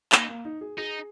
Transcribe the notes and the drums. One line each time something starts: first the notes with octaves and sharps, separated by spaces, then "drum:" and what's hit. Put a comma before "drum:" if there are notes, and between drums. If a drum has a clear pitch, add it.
A#3 D#4, drum: clap
A#3
D#4
G#4
D#4 G#4